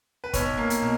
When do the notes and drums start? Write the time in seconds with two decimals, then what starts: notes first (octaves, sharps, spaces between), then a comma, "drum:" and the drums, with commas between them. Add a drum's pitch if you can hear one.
0.24 B4
0.33 B1 C#5, drum: kick, hi-hat
0.58 A#3
0.70 drum: hi-hat
0.82 B2